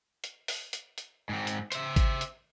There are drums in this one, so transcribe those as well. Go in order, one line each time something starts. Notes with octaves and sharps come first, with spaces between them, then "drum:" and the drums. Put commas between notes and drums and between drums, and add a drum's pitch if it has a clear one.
drum: hi-hat
drum: open hi-hat
drum: hi-hat
drum: hi-hat
G#2 C4
drum: hi-hat
C5 E5, drum: hi-hat
drum: kick G#1, hi-hat
drum: hi-hat